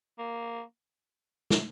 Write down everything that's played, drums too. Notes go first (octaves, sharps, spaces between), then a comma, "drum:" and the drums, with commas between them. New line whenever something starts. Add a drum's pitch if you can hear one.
A#3
drum: snare